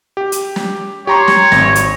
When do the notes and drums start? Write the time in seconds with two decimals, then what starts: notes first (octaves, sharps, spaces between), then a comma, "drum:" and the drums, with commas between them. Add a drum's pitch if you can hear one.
0.17 G4
0.32 drum: hi-hat
0.56 drum: snare
1.07 G4 C#5 A#5 C6
1.28 drum: snare
1.52 G#1 A#6, drum: snare
1.75 drum: hi-hat